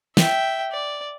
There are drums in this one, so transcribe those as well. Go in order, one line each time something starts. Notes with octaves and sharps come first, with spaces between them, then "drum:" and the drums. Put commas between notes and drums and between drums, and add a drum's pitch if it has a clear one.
E5 G5, drum: snare
D5